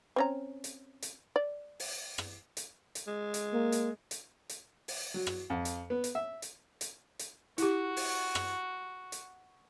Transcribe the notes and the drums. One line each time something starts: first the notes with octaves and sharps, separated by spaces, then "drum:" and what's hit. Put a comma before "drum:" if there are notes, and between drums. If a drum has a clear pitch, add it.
C4 C#4 A#5
drum: hi-hat
drum: hi-hat
D5
drum: open hi-hat
drum: rim click
drum: hi-hat
drum: hi-hat
G#3
drum: hi-hat
A#3
drum: hi-hat
drum: hi-hat
drum: hi-hat
drum: open hi-hat
F#3
drum: rim click
F2
drum: hi-hat
B3
drum: hi-hat
E5
drum: hi-hat
drum: hi-hat
drum: hi-hat
E4 F#4 G4, drum: hi-hat
drum: open hi-hat
drum: rim click
drum: hi-hat